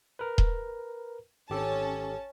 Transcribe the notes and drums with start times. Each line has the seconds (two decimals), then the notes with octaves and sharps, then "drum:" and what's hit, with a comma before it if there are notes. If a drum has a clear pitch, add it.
0.19 A#4 B4
0.38 drum: kick D#1
1.50 G#1 C#4 G4 A4 A5